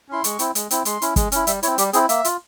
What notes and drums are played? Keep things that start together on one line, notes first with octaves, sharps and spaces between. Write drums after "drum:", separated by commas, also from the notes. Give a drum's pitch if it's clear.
C#4 E4 C6
G#3 C#6, drum: hi-hat
C4 E4, drum: hi-hat
G#3, drum: hi-hat
C4 E4, drum: hi-hat
G#3 C6, drum: hi-hat
C#4 E4, drum: hi-hat
G#3, drum: kick, hi-hat
C#4 E4, drum: hi-hat
G3 E5, drum: hi-hat
C4 E4 C#5, drum: hi-hat
G3 G4, drum: hi-hat
C4 E4 G#4, drum: hi-hat
A#3 E5, drum: hi-hat
F4, drum: hi-hat